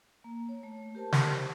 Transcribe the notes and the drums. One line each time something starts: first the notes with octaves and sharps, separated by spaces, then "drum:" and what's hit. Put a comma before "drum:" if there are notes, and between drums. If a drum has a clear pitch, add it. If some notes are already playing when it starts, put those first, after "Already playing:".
A#3
C#5
A3
G4 A#4 C5 A5
drum: snare